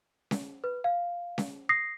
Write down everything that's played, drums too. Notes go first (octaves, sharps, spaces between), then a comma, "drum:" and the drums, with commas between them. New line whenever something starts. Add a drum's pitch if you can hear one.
drum: snare C#4
B4
F5
drum: snare C#4
D#6 A#6 C7